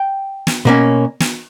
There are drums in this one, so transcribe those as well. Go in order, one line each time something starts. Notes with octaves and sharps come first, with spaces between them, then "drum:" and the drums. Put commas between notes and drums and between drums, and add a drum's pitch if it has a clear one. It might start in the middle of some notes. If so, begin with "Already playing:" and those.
Already playing: G5
drum: snare
B2 A#3 C#4
drum: snare